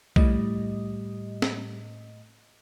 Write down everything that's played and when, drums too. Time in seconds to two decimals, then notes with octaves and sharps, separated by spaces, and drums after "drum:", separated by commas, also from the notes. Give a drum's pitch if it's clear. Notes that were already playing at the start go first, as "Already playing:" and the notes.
0.16 A2 G3 D#5, drum: kick B1
1.42 drum: snare